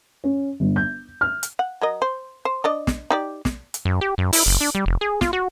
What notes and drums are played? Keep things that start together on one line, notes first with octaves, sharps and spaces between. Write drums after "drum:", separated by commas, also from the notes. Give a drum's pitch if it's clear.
C#4
G1
G6
F6
drum: hi-hat
F#5
F#3 A#4 D#5
C5
C5
D4 D5 D#5
drum: snare
D#4 G4 D5
drum: snare
drum: hi-hat
F#2
G4
F#2
E4, drum: open hi-hat
F#1
D4
G3
F1
G#4
F4, drum: snare
F#4